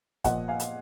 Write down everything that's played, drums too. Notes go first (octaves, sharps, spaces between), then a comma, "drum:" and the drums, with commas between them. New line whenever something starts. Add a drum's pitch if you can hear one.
A#2 F3 D#5 F#5, drum: kick, hi-hat
F5 G#5
drum: hi-hat